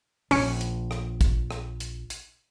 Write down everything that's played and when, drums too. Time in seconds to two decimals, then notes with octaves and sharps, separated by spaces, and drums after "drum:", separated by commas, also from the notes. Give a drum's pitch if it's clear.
0.31 A#1 C#4 C#7, drum: open hi-hat
0.61 drum: hi-hat
0.91 drum: rim click
1.21 drum: kick, hi-hat
1.51 drum: rim click
1.80 drum: hi-hat
2.10 drum: hi-hat